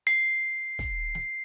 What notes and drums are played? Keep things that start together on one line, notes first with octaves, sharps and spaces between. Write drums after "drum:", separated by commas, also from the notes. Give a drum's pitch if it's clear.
C7, drum: hi-hat
drum: kick, hi-hat
drum: snare